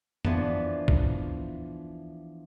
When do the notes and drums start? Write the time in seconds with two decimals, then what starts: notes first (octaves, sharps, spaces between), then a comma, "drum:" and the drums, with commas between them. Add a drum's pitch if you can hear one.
0.25 E3 F3 B3 D4, drum: tom F2
0.88 drum: kick